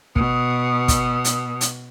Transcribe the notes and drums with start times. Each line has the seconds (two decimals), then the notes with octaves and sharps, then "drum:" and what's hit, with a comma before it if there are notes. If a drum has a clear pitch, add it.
0.16 B2 D#6, drum: kick
0.88 drum: kick, hi-hat
1.24 drum: hi-hat
1.61 drum: hi-hat